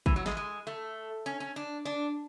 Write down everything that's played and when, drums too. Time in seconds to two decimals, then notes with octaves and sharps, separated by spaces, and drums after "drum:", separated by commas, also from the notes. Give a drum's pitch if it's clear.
0.06 E3, drum: kick
0.16 F#3
0.26 G#3, drum: snare
0.37 G#3
0.67 A3
1.26 C#4
1.40 C#4
1.56 D4
1.85 D4